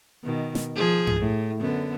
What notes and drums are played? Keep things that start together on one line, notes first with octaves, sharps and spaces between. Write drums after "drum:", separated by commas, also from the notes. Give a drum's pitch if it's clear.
B2 D#3
drum: snare
F3 G#4
drum: tom G2
A2
F#2 D3 B3